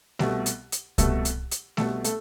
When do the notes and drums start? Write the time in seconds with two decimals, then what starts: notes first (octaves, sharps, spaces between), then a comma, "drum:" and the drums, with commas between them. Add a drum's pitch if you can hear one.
0.19 C2 B2 A3, drum: snare A3
0.46 drum: hi-hat
0.72 drum: hi-hat
0.98 C2 B2 A3 A4, drum: kick C2, hi-hat
1.25 drum: hi-hat
1.51 drum: hi-hat
1.77 C2 B2 A3 A4, drum: snare A3
2.04 A3 A4, drum: hi-hat